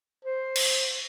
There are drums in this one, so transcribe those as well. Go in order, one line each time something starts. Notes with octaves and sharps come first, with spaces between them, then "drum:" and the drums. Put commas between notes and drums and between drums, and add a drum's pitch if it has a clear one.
C5
drum: cymbal